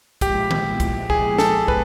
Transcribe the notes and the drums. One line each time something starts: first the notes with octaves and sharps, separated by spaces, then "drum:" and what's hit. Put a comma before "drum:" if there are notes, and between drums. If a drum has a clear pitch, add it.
A#2 F3 G#3 B3 E4 G4, drum: kick, hi-hat
drum: tom D#3
drum: kick, hi-hat
G#4, drum: kick
A4, drum: snare
B4, drum: kick